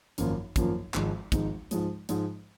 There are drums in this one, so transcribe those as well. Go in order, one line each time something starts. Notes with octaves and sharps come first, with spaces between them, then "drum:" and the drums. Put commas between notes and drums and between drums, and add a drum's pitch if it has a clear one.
G#1 F#2 F3 A#3 F4, drum: hi-hat
G#1 F#2 F3 A#3 F4, drum: kick, hi-hat
G#1 G#2 F3 G#3 D#4, drum: clap
G#1 G#2 F3 G#3 D#4, drum: kick, hi-hat
G#2 F3 G#3, drum: hi-hat
G#2 F3 G#3, drum: hi-hat